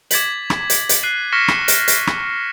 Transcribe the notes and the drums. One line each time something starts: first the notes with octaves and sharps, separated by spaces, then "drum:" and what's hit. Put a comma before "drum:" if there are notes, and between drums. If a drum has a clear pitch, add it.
D6 G#6 A6 B6 F#7, drum: hi-hat
drum: rim click
drum: hi-hat
drum: hi-hat
F#6 C7 D#7 F#7
C#6 F6 A#6 B6 C#7 E7
drum: rim click
drum: hi-hat
drum: hi-hat
drum: rim click